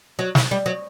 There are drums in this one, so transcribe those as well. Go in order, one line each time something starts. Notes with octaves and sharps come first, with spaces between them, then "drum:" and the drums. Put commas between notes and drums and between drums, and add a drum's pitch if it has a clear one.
F#3
drum: snare
G3
F#3